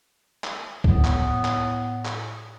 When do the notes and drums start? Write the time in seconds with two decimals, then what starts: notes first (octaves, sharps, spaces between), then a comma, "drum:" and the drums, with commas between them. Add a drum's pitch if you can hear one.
0.44 drum: clap
0.84 A2 B3, drum: kick
1.04 drum: clap
1.45 drum: clap
2.05 drum: clap